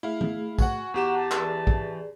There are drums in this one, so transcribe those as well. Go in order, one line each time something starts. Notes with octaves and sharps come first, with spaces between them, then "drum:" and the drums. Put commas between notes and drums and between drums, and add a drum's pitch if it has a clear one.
A3 E4 G#4 F5
drum: tom
F#4 F#5 G#5, drum: kick, tambourine
E2 G4 F#5 A#5 D6 E7
A5
E3 G#4 D5, drum: clap
drum: kick